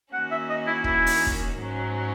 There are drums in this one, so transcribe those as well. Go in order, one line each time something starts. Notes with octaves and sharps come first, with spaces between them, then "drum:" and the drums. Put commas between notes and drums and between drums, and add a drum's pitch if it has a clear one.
D#3 A#3 C#4 F#4 F#5
E5
D#5
E4
E4, drum: kick
drum: open hi-hat
drum: kick
G#2 F#3 C#4